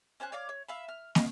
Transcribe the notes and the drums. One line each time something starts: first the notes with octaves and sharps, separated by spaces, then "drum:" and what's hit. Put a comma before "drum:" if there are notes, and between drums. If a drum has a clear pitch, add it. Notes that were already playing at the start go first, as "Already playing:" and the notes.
C#4 C5 G#5 F#6
C#5 D5 F5 D6
C#5
E5 F5 B5
F6
D#5 F5 A#5 B5, drum: snare